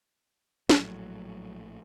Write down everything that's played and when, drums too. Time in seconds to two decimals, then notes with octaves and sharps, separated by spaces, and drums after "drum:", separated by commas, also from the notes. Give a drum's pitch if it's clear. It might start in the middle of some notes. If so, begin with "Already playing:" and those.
0.69 A#1 A2 F#3, drum: snare